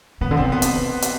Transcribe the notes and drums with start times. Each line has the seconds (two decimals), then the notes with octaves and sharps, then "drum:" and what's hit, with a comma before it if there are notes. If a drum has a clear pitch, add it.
0.21 C3 B3
0.31 D3
0.37 C3 C4
0.52 B3
0.62 drum: hi-hat
1.02 drum: hi-hat